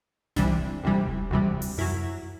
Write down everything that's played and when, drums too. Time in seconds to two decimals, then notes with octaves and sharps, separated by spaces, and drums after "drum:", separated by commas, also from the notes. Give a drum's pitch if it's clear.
0.36 C2 C3 E3 G3 D4, drum: snare F1
0.83 D2 C3 E3 G3
1.08 drum: kick E1
1.30 D2 C3 E3 G3
1.62 drum: open hi-hat
1.78 F#2 F#3 E4